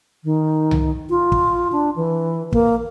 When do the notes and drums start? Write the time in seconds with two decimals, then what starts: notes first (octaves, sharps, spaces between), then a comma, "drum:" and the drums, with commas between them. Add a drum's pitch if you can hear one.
0.24 D#3
0.71 drum: tom C2
1.10 F4
1.32 drum: kick
1.72 D4
1.96 E3
2.52 A#3, drum: kick